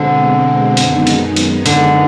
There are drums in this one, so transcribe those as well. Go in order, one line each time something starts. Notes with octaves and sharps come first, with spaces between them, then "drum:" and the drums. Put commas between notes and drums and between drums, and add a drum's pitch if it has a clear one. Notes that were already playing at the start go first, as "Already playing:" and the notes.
Already playing: B2 D3 G#3 C4
F#2 D#3 G#3 B3 D#4, drum: hi-hat
drum: hi-hat
drum: hi-hat
D3, drum: hi-hat